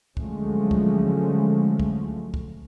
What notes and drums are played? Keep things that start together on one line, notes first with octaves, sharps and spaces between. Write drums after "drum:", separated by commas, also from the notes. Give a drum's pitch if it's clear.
D3 F3 F#3 G#3 A3 C#4, drum: kick
drum: kick
drum: kick
drum: kick